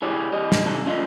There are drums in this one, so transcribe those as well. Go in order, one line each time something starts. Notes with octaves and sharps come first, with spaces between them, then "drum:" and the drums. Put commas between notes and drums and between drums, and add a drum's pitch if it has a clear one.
E4 G4 G#4 C#5 D5
G4 D5 D#5
drum: snare
C3 D#4 A5
C#4 F4 D5 D#5 F5